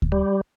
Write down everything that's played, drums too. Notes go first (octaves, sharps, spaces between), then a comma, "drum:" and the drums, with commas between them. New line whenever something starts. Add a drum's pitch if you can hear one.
drum: kick D2
G3